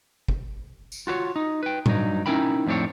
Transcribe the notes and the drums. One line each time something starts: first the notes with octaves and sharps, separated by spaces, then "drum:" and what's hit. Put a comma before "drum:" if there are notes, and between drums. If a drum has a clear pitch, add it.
drum: kick
drum: tambourine
F4 F#4 A#4 C#5
D#4
B4 G5
G2 F#3 D#4, drum: tom A2
C#4 D#4 E4 A#4 G5 B5
F2 A2 C4 D4 C#5